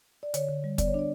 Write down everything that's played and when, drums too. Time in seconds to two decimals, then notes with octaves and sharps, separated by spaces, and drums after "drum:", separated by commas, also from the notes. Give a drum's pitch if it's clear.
0.23 D5
0.34 D3 C#5, drum: hi-hat
0.49 D3
0.64 G3
0.78 B3 D5, drum: kick, hi-hat
0.88 C#5
0.94 D4 D5